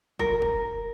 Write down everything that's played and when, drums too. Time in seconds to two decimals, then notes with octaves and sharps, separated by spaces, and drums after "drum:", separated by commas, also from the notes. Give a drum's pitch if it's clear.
0.19 A#4, drum: kick
0.42 drum: kick